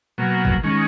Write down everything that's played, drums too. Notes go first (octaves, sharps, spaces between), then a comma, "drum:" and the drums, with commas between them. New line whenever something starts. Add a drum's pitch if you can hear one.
B2 F#3 A#3
drum: kick G1
D#3 G#3 C#4